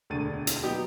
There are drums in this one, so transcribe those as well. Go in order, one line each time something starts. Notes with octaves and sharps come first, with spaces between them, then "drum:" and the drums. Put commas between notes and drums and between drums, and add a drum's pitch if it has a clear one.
E1 D2 D3 A6 D#7
drum: hi-hat
F#3 B3 D#4 G4